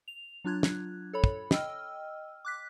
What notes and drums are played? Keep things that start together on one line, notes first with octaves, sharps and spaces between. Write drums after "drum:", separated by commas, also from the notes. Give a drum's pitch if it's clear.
F7
F#3 D4 F4 F#6 G#6
drum: snare
A4 C#5 B5
drum: kick
D#5 G5 E6 F6, drum: snare
D6 F#6 B6